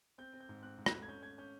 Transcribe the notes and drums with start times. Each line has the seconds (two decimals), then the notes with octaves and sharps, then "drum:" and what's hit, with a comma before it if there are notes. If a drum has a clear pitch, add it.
0.18 C4 G6
0.33 C4
0.41 G6
0.49 G#2
0.63 C4 F#6
0.78 G#2
0.86 F#6, drum: rim click
0.93 A3
1.02 G#6
1.08 C#4 G6
1.23 C#4 G#6
1.38 C#4 G6